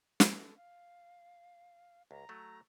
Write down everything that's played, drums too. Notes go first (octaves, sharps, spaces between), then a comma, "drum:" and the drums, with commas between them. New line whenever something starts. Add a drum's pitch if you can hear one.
A4, drum: snare
F5
C#2 A#5
F#3 A3